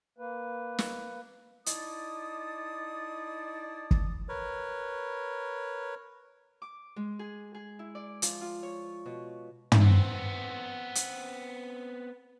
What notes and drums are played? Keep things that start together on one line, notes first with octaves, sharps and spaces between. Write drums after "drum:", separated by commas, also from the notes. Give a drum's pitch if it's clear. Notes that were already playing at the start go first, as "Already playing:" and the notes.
A#3 B4
drum: snare
D#4 E4 D5 A5 D#6, drum: hi-hat
drum: kick
A#4 B4 C#5
D6
G#3
G#4
G#4
E4
D5
F3, drum: hi-hat
F4
C#5
B2
drum: tom
B3 C4
drum: hi-hat